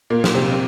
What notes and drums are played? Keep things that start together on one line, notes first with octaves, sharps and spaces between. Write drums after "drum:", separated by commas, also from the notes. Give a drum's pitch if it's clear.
A#2 A#3
drum: snare
C3 C4
C4